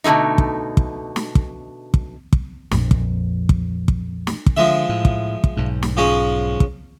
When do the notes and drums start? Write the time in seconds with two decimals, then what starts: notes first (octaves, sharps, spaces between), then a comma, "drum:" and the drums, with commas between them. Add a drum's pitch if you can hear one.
0.04 B2 D3 G#3 A3 D#4
0.38 drum: kick
0.77 drum: kick
1.16 drum: snare
1.35 drum: kick
1.94 drum: kick
2.33 drum: kick
2.71 A#1 F2, drum: snare
2.91 drum: kick
3.49 drum: kick
3.88 drum: kick
4.27 drum: snare
4.46 drum: kick
4.57 D3 F3 G#3 E5
4.89 A2
5.05 drum: kick
5.44 drum: kick
5.57 B1 G#2
5.83 drum: snare
5.97 F3 G#3 C#4
6.60 drum: kick